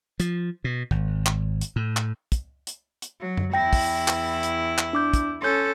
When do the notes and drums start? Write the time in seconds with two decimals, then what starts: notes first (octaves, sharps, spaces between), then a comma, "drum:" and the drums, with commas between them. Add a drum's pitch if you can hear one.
0.20 F3, drum: hi-hat
0.64 B2
0.91 G#1, drum: kick
1.26 drum: clap
1.61 drum: hi-hat
1.76 A2
1.97 drum: clap
2.32 drum: kick, hi-hat
2.67 drum: hi-hat
3.02 drum: hi-hat
3.20 F#3
3.37 drum: tom F#2
3.54 E2 E4 G5 A#6
3.73 drum: kick, open hi-hat
4.08 drum: clap
4.43 drum: hi-hat
4.78 drum: clap
4.93 D4 D6 G6
5.13 drum: kick, hi-hat
5.42 C#4 A4 C6 G6